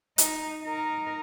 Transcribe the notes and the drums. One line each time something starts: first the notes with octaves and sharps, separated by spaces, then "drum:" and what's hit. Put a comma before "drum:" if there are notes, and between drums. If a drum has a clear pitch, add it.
D#4, drum: hi-hat
D#4 A#4